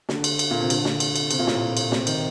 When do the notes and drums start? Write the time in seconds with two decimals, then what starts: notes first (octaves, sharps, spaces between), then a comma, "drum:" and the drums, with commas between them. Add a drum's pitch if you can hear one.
0.09 D3, drum: snare
0.24 drum: cymbal
0.39 drum: cymbal
0.51 A#2
0.60 C3
0.70 D3, drum: cymbal
0.85 drum: snare
1.00 drum: cymbal
1.16 drum: cymbal
1.31 C3, drum: cymbal
1.39 A#2
1.47 A2, drum: snare
1.55 A#2
1.77 drum: cymbal
1.92 C3, drum: snare
2.07 D#3, drum: cymbal